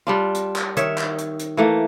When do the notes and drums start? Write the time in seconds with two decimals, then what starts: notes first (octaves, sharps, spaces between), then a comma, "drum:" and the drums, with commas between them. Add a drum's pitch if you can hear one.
0.07 G3 D4 F4
0.35 drum: hi-hat
0.56 drum: clap
0.77 D#3 C#5 E5, drum: hi-hat
0.98 drum: clap
1.19 drum: hi-hat
1.40 drum: hi-hat
1.57 E3 A3 A#3